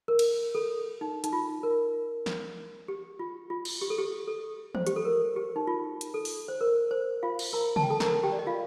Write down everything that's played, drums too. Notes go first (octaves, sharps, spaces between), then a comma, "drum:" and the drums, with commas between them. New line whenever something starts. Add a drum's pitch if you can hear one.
A#4
drum: cymbal
A4
D#4
D#4, drum: hi-hat
F4
A#4
drum: snare
G4
F4
F4
drum: cymbal
G4
A4
G4
A4
C5, drum: tom
G4, drum: hi-hat
A4
A#4
G4
D#4
F4
drum: hi-hat
A4
drum: open hi-hat
C5
A#4
C5
F4 F5
drum: cymbal
A#4 A#5
A5, drum: tom
G5
A4 A5
A#4 A#5, drum: snare
G4 G5
D5
D#5
F4 F5